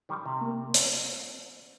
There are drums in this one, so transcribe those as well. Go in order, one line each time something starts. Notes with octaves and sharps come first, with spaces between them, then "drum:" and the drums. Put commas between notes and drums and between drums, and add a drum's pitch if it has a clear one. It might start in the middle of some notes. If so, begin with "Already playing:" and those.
D#3 G3
C3
A#3
drum: hi-hat